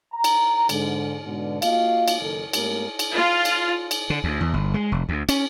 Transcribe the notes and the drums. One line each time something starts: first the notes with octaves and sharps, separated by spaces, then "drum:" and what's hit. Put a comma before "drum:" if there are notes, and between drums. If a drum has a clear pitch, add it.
A#5
drum: cymbal
G#2 D3, drum: cymbal
G#2 B2 D3
A#3 F4 F#4 D#5 F5, drum: cymbal
drum: cymbal
F#1 D#3 A4
G#2 A3 A#3 C#4 G4 A#4, drum: cymbal
drum: cymbal
F4
drum: cymbal
drum: cymbal
D3
D2
E2
G1
G#3
F1
D2
C#4, drum: cymbal